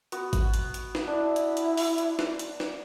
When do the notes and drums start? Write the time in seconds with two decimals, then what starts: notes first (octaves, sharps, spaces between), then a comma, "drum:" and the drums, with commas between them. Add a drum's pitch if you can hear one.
0.12 B3 F#4, drum: hi-hat
0.33 drum: kick G#1, hi-hat
0.54 drum: hi-hat
0.74 drum: hi-hat
0.95 drum: snare
1.07 D4 E4
1.36 drum: hi-hat
1.57 drum: hi-hat
1.77 drum: open hi-hat
1.98 drum: hi-hat
2.19 drum: snare
2.39 drum: hi-hat
2.60 drum: snare